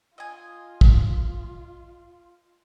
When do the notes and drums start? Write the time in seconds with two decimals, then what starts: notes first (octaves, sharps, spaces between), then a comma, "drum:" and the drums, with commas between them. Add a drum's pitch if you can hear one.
0.18 F4 D#5 G#5
0.81 drum: kick